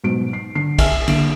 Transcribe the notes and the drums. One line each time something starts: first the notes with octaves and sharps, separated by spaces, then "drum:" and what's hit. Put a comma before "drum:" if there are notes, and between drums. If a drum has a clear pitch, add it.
G#2 B2 F#3 D7
C7
D3 C7
G#4 E5 G#5 A5 E6 F6, drum: kick, cymbal
D3 A#3 D7, drum: cymbal